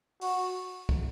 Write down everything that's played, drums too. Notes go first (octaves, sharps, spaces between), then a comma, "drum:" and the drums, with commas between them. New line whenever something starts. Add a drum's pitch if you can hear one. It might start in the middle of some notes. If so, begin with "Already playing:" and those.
F#4, drum: open hi-hat
drum: kick